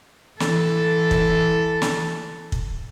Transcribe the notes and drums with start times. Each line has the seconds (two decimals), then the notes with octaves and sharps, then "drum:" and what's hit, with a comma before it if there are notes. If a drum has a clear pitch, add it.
0.40 E3 A4, drum: snare
1.11 drum: kick
1.82 drum: snare
2.52 drum: kick